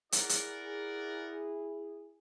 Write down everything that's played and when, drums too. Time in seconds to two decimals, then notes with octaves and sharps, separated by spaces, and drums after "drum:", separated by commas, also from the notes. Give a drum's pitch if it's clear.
0.12 E4 G#4 A#4 D5 F#5, drum: hi-hat
0.29 drum: hi-hat